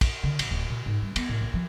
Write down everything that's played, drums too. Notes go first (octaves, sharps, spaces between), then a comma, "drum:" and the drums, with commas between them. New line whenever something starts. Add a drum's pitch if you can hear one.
drum: kick, cymbal
D3
A1, drum: cymbal
D1
A#2
G#2
G2
B3, drum: cymbal
A2
A#1
F3